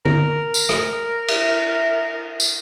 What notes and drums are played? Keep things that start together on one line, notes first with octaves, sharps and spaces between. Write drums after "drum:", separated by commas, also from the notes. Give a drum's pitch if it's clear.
A#4, drum: tom D3
drum: tambourine
drum: rim click
E5, drum: cymbal
drum: tambourine